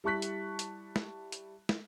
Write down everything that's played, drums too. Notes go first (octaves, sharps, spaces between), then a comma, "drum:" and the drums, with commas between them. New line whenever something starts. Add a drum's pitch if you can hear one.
G3 E4 A5 C#6 F#6 B6
drum: hi-hat
drum: hi-hat
drum: snare
drum: hi-hat
drum: snare